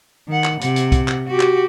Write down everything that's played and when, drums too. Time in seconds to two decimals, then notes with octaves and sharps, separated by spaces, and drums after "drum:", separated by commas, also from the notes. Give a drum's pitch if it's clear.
0.28 D#3 F#5
0.44 drum: clap
0.61 C3 F#5, drum: hi-hat
0.76 drum: hi-hat
0.92 drum: kick C2, hi-hat
1.08 drum: clap
1.28 F#4 G4
1.40 drum: clap